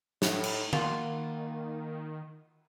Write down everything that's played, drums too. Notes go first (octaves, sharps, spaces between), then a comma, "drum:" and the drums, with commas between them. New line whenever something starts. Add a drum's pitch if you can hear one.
A2 D#4, drum: snare
drum: cymbal
D#3 A#3 F4 F#4 C6, drum: tom D3